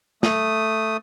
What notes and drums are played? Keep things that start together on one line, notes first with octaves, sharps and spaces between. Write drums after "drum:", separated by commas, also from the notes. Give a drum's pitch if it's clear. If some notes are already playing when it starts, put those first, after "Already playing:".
A3 D#6, drum: snare